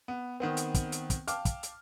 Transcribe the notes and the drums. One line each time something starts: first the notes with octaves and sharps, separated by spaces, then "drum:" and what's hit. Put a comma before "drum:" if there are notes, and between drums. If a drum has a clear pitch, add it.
B3
D#3 B3 C4
drum: hi-hat
drum: kick, hi-hat
drum: hi-hat
drum: kick, hi-hat
F5 G5 A5 D6 F6, drum: hi-hat
drum: kick, hi-hat
drum: hi-hat